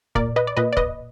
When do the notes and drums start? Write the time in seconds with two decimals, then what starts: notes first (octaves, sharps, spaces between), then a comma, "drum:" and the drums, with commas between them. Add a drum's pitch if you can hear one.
0.15 A#2 A#4 D5, drum: kick
0.36 B4 D#5
0.47 D5
0.57 A#2 B4 D#5
0.73 D5
0.77 B4 D#5, drum: kick